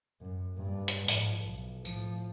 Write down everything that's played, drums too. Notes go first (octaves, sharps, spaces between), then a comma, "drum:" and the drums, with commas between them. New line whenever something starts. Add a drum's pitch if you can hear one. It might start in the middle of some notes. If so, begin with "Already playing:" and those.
F#2
G2 A#2
drum: hi-hat
G#2 F3, drum: open hi-hat
B1
A2 F3, drum: tambourine